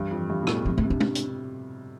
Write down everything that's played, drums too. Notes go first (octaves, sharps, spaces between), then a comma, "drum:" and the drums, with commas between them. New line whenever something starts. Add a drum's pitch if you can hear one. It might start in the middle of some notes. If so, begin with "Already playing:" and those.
Already playing: G2 E3
F2
G2
B2
A2, drum: rim click
C3 F3
A3
C3
D4
drum: tom
drum: hi-hat